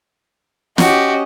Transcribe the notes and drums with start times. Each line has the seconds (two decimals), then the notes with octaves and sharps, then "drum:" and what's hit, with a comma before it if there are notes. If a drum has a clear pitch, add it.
0.78 C#4 F#4 G4 D#5, drum: snare